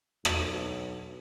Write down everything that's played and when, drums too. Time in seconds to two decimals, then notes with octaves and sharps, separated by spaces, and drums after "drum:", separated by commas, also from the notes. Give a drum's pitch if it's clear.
0.25 B1, drum: rim click